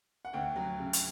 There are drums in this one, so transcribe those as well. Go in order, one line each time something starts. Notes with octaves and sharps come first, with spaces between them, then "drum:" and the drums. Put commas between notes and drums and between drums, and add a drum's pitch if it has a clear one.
F#5
D2 G5
F#3
C#3
drum: hi-hat